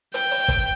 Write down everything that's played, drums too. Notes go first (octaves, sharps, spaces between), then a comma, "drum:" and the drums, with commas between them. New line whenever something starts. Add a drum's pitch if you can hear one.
G5, drum: hi-hat
drum: open hi-hat
drum: kick, hi-hat